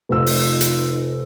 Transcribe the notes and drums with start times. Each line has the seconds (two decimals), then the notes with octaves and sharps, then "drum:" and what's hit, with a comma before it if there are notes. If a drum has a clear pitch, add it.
0.09 F1 D#4 F4 C5 E6
0.26 drum: open hi-hat
0.61 drum: hi-hat